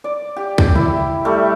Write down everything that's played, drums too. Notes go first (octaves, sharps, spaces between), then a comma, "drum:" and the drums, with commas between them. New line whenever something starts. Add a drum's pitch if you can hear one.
D5
G4
drum: kick
E4, drum: tom C3
G3 A3